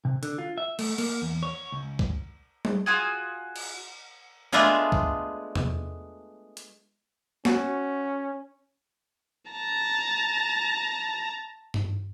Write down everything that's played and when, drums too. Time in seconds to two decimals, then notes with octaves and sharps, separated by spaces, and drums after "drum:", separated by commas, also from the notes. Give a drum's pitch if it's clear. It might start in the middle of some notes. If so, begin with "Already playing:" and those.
0.05 C3
0.23 D3, drum: hi-hat
0.38 F4
0.58 E5
0.79 A3, drum: cymbal
0.98 A#3, drum: cymbal
1.22 E2
1.43 C#5
1.72 C#2
1.99 drum: kick C2
2.65 drum: tom G3
2.86 F4 F#4 G#4
3.56 drum: cymbal
4.52 G#3 A3 B3 D4 F4 G#4
4.92 drum: kick C2
5.56 drum: tom
6.57 drum: hi-hat
7.45 C#4 F#4, drum: snare
9.51 A5 A#5
11.74 drum: tom G2